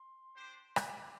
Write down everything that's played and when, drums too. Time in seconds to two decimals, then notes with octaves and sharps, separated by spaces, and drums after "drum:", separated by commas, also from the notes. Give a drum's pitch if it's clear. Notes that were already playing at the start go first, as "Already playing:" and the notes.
Already playing: C6
0.36 D4 G4 C5
0.76 drum: rim click
0.90 D6